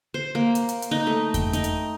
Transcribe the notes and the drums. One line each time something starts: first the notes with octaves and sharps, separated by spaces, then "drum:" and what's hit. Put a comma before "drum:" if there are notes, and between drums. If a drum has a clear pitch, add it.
C5
A#3
drum: hi-hat
drum: hi-hat
drum: hi-hat
D#4
A3
G5, drum: kick F2, hi-hat
D#4, drum: hi-hat
drum: hi-hat